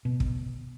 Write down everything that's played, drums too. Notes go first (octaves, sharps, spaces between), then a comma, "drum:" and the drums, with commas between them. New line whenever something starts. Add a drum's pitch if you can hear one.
B2
drum: kick